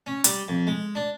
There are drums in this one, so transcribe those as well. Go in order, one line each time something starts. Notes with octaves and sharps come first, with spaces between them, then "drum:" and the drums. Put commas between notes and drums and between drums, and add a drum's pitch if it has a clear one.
C#4
G3, drum: hi-hat
F2
G#3
D4